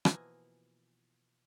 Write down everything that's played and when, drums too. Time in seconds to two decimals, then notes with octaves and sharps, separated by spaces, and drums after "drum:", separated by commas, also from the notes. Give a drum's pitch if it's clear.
0.05 B2 E3 F3 A#3 D#5 G#5, drum: rim click